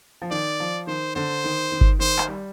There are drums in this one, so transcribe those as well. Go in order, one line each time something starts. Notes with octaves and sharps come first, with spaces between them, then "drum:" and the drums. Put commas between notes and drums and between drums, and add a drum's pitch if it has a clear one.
F3
D#3 D5
F3
D#3 C5
D3 C5
D#3
D#3
drum: kick G1
D#3 C5
drum: clap
G3